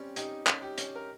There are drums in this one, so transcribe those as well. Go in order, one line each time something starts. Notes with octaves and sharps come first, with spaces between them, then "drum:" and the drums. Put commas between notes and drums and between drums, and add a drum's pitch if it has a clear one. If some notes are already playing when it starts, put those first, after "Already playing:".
Already playing: G3 C4 C#4
D#4 G4, drum: hi-hat
C#4, drum: clap
G4
C#4, drum: hi-hat
A#4